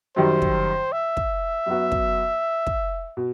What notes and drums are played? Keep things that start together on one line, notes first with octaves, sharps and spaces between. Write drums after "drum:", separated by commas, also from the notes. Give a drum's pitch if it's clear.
F#2 D#3 G3 C5
drum: kick
E5
drum: kick
F#2 F#3 B3 F#4
drum: kick
drum: kick
B2